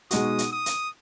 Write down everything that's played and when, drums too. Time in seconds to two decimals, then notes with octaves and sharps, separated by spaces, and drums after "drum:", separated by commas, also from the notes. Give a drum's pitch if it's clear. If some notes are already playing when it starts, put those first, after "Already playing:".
0.11 B2 G#3 D#4 F#4 D#6, drum: hi-hat
0.38 drum: hi-hat
0.52 D#6
0.66 drum: hi-hat